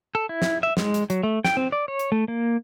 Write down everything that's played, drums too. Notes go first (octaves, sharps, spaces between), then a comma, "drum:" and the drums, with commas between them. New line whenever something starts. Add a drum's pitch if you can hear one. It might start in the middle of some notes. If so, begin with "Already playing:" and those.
A4
E4
drum: snare
E5
G#3, drum: snare
drum: hi-hat
F#3, drum: hi-hat
A3
G5, drum: snare
C4
D5
C#5
drum: hi-hat
A3
A#3